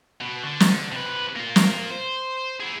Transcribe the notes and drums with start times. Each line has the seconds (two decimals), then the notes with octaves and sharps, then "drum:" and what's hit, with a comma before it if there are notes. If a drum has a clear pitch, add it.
0.21 B2
0.42 D3
0.60 drum: snare
0.92 C3 B4
1.36 A#3 F4
1.56 drum: snare
1.90 C5
2.60 E4 G#4